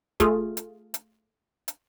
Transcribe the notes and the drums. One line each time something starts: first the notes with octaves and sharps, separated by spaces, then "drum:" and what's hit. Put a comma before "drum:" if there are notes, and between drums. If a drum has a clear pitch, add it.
A3 F4 G#4, drum: kick, hi-hat
drum: hi-hat
drum: hi-hat
drum: hi-hat